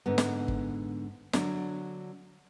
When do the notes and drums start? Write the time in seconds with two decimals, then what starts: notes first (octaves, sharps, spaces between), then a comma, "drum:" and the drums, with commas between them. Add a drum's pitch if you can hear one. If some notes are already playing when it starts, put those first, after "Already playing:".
0.06 G#2 D3 B3
0.18 drum: snare
0.48 drum: kick
1.33 D3 F#3 D4, drum: snare